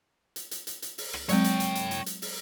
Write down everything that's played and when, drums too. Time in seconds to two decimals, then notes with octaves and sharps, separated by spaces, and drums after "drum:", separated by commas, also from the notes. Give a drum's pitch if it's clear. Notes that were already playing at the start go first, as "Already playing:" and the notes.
0.36 drum: hi-hat
0.51 drum: hi-hat
0.67 drum: hi-hat
0.82 drum: hi-hat
0.98 drum: open hi-hat
1.13 drum: rim click
1.29 F#3 G#3 C4 C#5 G5, drum: hi-hat
1.44 drum: hi-hat
1.60 drum: hi-hat
1.75 drum: hi-hat
1.91 drum: hi-hat
2.06 drum: hi-hat
2.22 drum: open hi-hat